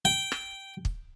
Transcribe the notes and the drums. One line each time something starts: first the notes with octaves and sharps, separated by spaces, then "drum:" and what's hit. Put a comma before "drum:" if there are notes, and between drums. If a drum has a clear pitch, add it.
G5
drum: rim click
drum: kick